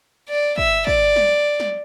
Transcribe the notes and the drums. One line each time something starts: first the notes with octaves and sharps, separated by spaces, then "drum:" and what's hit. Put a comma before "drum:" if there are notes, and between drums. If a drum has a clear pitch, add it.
D5
E5, drum: kick
D5, drum: kick
drum: snare
drum: snare